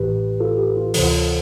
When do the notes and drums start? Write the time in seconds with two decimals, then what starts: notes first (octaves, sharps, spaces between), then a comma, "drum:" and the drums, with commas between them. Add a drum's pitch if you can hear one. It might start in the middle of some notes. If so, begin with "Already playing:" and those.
Already playing: A1 A2 E3 G4 B4
0.40 F4 A4
0.58 G4
0.77 F4
0.94 D2 C3 E3 F4 A4, drum: open hi-hat